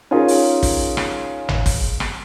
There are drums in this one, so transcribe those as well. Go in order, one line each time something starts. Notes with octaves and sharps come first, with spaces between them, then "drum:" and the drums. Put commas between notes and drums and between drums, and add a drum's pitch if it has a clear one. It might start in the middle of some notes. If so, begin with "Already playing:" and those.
C#4 D#4 F4 G#4 A#4
drum: open hi-hat
drum: kick, open hi-hat
drum: rim click
drum: tom
drum: kick, open hi-hat
drum: rim click